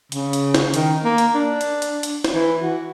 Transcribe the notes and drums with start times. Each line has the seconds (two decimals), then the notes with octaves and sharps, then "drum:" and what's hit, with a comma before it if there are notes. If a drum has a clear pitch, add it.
0.12 C#3, drum: hi-hat
0.33 drum: hi-hat
0.54 drum: snare
0.74 D#3, drum: hi-hat
1.04 A#3
1.18 drum: hi-hat
1.34 D4
1.61 drum: hi-hat
1.82 drum: hi-hat
2.03 drum: hi-hat
2.24 drum: snare
2.35 E3
2.63 F#4